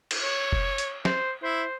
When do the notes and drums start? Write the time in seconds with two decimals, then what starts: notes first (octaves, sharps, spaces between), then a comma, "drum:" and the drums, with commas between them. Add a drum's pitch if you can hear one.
0.11 drum: cymbal
0.23 C#5
0.53 drum: kick F#1
0.78 drum: hi-hat
1.05 C5, drum: snare
1.43 E4 C5